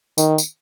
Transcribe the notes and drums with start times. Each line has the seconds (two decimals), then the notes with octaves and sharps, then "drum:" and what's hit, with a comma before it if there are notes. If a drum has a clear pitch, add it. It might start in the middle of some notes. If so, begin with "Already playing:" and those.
0.18 D#3, drum: tambourine
0.38 drum: tambourine